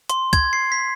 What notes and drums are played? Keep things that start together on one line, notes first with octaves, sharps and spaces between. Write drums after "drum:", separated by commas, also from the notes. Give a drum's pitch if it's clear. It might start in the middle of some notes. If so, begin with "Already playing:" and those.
C6, drum: hi-hat
G#6, drum: kick, hi-hat
C7
B6